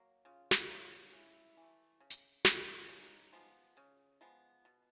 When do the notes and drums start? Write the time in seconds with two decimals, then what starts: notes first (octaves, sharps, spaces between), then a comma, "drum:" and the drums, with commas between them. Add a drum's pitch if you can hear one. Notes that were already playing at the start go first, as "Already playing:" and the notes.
Already playing: F#3 A#3
0.25 C#3 F4
0.51 drum: snare
0.69 F#3 A#3 E4
1.13 C#3 E4
1.57 E3 A3
2.00 C#3
2.10 drum: hi-hat
2.45 E3 A3, drum: snare
2.89 C#3 D#4
3.33 F3 G#3 B3
3.77 C#3
4.21 F3 G#3 B3
4.65 B2